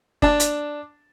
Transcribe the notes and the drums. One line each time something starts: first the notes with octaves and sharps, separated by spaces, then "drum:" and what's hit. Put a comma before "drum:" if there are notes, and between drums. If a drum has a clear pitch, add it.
D4 A5, drum: kick F#1
drum: hi-hat